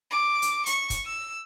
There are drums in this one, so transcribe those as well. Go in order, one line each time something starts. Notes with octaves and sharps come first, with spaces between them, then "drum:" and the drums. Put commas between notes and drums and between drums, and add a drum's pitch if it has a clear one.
D6
drum: hi-hat
C#6, drum: hi-hat
drum: kick, hi-hat
E6